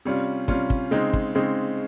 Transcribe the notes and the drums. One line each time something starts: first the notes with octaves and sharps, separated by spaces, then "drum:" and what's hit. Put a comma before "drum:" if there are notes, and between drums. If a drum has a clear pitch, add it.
C3 G3 C#4 F4
C3 G3 C#4 F4, drum: kick
drum: kick
C#3 G#3 C4 D#4
drum: kick
C#3 G#3 C4 D#4